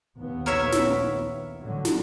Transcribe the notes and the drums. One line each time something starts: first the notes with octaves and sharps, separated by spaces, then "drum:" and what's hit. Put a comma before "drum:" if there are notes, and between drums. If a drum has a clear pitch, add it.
A#1 D#2 B3
A#4 C#5 E5
drum: snare
A2 D3 F#3
drum: snare